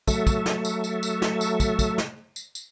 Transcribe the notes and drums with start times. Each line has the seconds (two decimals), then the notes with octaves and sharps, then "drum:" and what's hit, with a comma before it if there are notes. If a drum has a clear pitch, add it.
0.08 F#3 A3 A4 E5, drum: kick, tambourine
0.27 drum: kick, tambourine
0.46 drum: snare
0.65 drum: tambourine
0.84 drum: tambourine
1.03 drum: tambourine
1.22 drum: snare
1.41 drum: tambourine
1.60 drum: kick, tambourine
1.79 drum: kick, tambourine
1.98 drum: snare
2.36 drum: tambourine
2.55 drum: tambourine